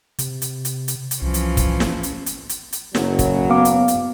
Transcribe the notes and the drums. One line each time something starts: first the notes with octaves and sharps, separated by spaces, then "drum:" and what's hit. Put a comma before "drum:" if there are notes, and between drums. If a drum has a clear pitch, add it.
C3, drum: hi-hat
drum: hi-hat
drum: hi-hat
drum: hi-hat
drum: hi-hat
C2 E3 F3 C#4
drum: hi-hat
drum: kick, hi-hat
drum: snare
drum: hi-hat
drum: hi-hat
drum: hi-hat
drum: hi-hat
F#1 C#3 F#3, drum: snare
drum: kick, hi-hat
B3 F5 D6
drum: hi-hat
drum: hi-hat